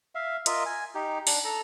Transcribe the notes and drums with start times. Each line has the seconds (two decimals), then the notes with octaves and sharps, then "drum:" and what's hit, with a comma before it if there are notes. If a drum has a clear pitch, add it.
0.15 E5 F5
0.46 F4 A#4 D#5 E5, drum: hi-hat
0.66 G#5
0.95 D#4 G4
1.27 D4, drum: open hi-hat
1.45 A4 A#5